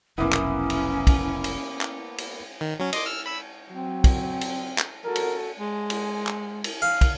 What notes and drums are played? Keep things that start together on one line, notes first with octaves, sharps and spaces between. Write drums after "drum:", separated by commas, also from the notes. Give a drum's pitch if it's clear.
F1 B1 A#3 B3 C#4 E4
drum: clap
drum: cymbal
drum: kick, cymbal
drum: cymbal
drum: clap
drum: cymbal
D#3
F#3 C#4
D#5 C6 D6, drum: cymbal
E6 F6
B5 E6
F#3 C4
drum: kick, cymbal
drum: cymbal
drum: clap
F#4 A4 A#4
drum: cymbal
G#3
drum: cymbal
drum: clap
drum: cymbal
F5
drum: kick, cymbal